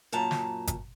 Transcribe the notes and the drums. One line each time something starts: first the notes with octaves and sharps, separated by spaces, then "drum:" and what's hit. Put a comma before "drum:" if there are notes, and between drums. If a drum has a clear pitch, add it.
F#2 A#2 A5 A#5
drum: snare
drum: kick G1, hi-hat